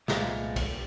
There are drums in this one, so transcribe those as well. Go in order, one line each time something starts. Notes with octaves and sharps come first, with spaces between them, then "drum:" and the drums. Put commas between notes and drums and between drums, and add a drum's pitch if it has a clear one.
C2 A#2 G#3 A3 B3 F5, drum: snare
drum: kick, cymbal